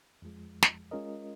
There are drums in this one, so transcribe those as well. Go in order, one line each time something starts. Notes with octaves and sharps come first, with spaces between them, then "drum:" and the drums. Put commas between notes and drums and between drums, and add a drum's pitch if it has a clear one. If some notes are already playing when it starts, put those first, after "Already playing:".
F2 F3 G#3
drum: snare
G#3 C#4 F4 A#4 D#5